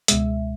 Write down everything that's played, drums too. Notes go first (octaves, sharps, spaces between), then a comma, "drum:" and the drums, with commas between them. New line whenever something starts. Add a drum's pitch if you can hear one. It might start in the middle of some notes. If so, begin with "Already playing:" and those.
C#2 B2 G#3 E5, drum: hi-hat